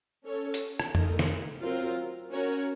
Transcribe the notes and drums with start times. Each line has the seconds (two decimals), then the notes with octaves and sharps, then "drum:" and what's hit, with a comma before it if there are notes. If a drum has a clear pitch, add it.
0.26 C#4 A4 C#5
0.54 drum: hi-hat
0.80 drum: rim click
0.95 A3 D#4 A#4, drum: tom F2
1.19 drum: snare
1.62 F#3 C4 F4 A#4
2.31 C#4 F#4 A#4 C#5